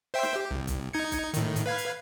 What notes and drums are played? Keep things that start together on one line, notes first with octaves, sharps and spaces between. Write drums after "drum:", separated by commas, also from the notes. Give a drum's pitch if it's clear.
C5 E5 G5
drum: snare
G4
C2
drum: kick B1, hi-hat
D#4 G#6 C#7
drum: kick B1, hi-hat
A2 D#3, drum: hi-hat
drum: hi-hat
B4 F5 G#6
drum: hi-hat